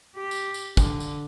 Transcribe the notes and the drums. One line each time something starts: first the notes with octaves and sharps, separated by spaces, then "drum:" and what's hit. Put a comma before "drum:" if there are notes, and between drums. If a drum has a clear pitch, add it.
G4
drum: tambourine
drum: tambourine
D3, drum: kick, tambourine
drum: tambourine